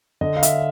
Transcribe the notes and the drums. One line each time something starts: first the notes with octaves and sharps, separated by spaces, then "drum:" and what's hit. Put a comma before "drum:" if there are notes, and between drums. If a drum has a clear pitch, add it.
D3 D#5
F5
E5, drum: hi-hat